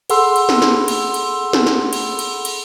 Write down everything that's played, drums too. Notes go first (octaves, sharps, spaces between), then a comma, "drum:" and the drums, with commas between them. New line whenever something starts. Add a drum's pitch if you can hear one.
G#4 A4 F#5 B5 C6 E6, drum: cymbal
drum: cymbal
drum: snare
drum: snare
drum: cymbal
drum: cymbal
drum: snare
drum: snare
drum: cymbal
drum: cymbal
drum: cymbal